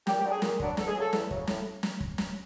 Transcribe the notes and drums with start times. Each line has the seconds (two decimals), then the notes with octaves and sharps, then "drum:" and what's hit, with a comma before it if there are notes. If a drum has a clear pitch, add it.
0.07 A#2 G4, drum: snare
0.19 G4
0.24 F#3 B3 D4
0.31 G#4
0.42 A#2, drum: snare
0.60 F#3 B3 D4, drum: kick
0.77 E2 A4, drum: snare
0.87 G#4
0.95 C#3 F#3 A4
1.13 E2, drum: snare
1.31 C#3 F#3, drum: kick
1.47 A2, drum: snare
1.83 drum: snare
2.00 drum: kick
2.18 drum: snare